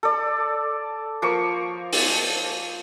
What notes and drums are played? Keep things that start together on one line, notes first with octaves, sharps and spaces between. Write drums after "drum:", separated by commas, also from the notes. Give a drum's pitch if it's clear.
A4 D5
F3 A#3 C#6
drum: open hi-hat